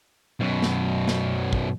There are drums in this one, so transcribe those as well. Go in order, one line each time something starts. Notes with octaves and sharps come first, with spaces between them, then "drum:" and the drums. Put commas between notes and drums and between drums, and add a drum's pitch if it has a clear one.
F#2 B2
drum: snare
drum: snare
drum: kick